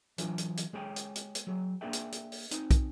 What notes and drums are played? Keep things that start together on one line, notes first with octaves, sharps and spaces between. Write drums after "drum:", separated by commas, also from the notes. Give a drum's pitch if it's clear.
E3 F#3 D4 F4, drum: hi-hat
drum: hi-hat
drum: hi-hat
G#3 G#4 C#5 G5
drum: hi-hat
drum: hi-hat
drum: hi-hat
F#3 G#4
A#3 D4 G#4 D5 E5 G5
drum: hi-hat
drum: hi-hat
drum: open hi-hat
C4 D#4, drum: hi-hat
drum: kick, hi-hat